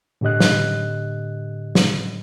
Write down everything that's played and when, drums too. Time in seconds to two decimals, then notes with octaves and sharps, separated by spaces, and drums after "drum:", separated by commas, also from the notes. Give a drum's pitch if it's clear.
0.21 A2 D3 G4 D#5 F#6
0.40 drum: snare
1.75 drum: snare